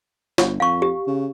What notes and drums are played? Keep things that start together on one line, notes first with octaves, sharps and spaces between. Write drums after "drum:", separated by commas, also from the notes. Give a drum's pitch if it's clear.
G1, drum: snare
F2 F5 C#6
G4
C#3